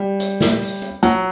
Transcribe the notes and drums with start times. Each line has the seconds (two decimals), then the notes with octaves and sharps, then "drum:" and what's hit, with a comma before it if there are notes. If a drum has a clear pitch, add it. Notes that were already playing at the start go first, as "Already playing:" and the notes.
Already playing: G3
0.20 drum: hi-hat
0.41 drum: snare
0.61 drum: open hi-hat
0.82 drum: hi-hat
1.03 F#3, drum: hi-hat